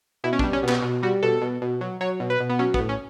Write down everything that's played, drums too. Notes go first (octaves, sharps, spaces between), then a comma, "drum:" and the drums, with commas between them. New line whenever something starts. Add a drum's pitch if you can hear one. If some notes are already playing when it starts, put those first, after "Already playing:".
B2 E4
C#4
D4, drum: kick
G3
C#4
B2
B3, drum: clap
B2
G3 F#4
B2 A4
B2
B2
F#3
F#3 C#5
B2
B4
B2
B3
F#3 C#4
B3, drum: kick
A2
C#4